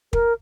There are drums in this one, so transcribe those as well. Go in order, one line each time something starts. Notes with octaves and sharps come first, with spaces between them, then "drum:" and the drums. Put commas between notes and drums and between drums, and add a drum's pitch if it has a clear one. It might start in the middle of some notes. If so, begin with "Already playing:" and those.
A#4, drum: kick